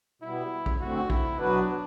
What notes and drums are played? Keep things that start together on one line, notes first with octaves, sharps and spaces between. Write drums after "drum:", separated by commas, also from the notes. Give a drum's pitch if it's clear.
B2 G3 B3 E4
drum: kick A#1
D2 D3 A3 C4 F#4
E4, drum: kick A#1
B2 F#3 B3 D4 F#4 B4